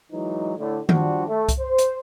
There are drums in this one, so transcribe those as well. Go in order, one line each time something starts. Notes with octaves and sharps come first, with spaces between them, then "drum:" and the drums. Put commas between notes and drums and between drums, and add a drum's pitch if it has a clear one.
E3 F#3 G#3 D#4
A2 D3
F3 G3 D4 F4 F#4, drum: tom D#3
A3
drum: kick C2, hi-hat
C5
drum: hi-hat